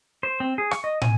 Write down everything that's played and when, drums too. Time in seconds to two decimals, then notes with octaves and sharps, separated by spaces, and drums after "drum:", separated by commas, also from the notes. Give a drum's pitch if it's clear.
0.23 C5
0.40 C4
0.58 G#4
0.71 C#6, drum: rim click
0.84 D#5
1.02 G#5, drum: tom